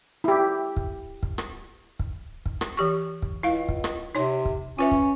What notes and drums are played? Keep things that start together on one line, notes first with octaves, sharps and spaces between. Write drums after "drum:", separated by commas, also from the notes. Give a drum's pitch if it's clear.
E4 G4
drum: kick
drum: kick
drum: rim click
drum: kick
drum: kick
drum: rim click
E3 G4 C#6
drum: kick
C#2 E4 F5
drum: kick
drum: rim click
C3 D#4 C#5 C6
drum: kick
C#4 F4 B4 E5
drum: kick